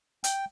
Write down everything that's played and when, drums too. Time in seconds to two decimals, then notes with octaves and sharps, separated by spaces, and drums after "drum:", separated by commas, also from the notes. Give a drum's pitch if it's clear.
0.24 G5, drum: hi-hat